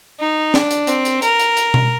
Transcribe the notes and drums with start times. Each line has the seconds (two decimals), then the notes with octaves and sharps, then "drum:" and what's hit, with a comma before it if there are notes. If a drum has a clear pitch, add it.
0.19 D#4
0.54 D4, drum: snare
0.71 drum: hi-hat
0.87 C4, drum: hi-hat
1.05 drum: hi-hat
1.22 A#4, drum: hi-hat
1.40 drum: hi-hat
1.57 drum: hi-hat
1.74 drum: tom B2